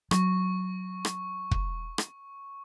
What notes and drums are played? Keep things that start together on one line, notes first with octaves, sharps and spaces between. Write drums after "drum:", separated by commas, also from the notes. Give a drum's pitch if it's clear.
F#3 C#6, drum: rim click
drum: rim click
drum: kick
drum: rim click